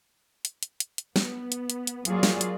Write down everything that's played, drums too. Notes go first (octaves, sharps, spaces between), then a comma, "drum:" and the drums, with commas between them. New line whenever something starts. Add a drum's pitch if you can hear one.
drum: hi-hat
drum: hi-hat
drum: hi-hat
drum: hi-hat
B3, drum: snare
drum: hi-hat
drum: hi-hat
drum: hi-hat
F#3 A#3 F4 G#4 D5, drum: hi-hat
drum: snare
drum: hi-hat